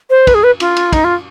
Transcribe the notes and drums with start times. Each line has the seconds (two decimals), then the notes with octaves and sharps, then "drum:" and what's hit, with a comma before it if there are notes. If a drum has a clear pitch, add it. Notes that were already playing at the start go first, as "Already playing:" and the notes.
0.10 C5
0.27 B4, drum: kick, cymbal
0.34 G#4
0.43 B4
0.60 F4, drum: cymbal
0.76 drum: cymbal
0.93 D#4, drum: kick, cymbal
1.04 F4